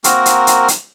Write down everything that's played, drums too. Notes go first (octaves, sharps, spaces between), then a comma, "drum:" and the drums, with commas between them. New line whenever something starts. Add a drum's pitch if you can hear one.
A#3 C4 F#4 A#4, drum: hi-hat
drum: hi-hat
drum: hi-hat
drum: hi-hat